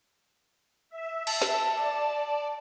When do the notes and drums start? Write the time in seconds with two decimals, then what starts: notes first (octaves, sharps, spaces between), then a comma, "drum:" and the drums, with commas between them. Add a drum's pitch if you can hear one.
0.90 E5
1.27 A5, drum: cymbal
1.42 drum: snare
1.74 D5